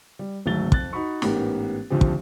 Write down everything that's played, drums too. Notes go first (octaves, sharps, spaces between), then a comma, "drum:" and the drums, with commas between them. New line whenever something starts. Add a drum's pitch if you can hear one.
G3
D1 G#1 F#3 A3 A6 G7
F2 F#6 A6, drum: kick
D#4 F#4 B5 C#6
A1 G#2 B3 G4 A#4, drum: snare
G#1 D2 D3 F3 G4
drum: kick